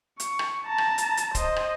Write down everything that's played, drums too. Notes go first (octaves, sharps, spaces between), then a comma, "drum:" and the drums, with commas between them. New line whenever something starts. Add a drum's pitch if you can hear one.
C#6, drum: hi-hat
drum: rim click
A5 A#5
drum: rim click
drum: hi-hat
drum: hi-hat
C5 D#5, drum: kick, hi-hat
drum: rim click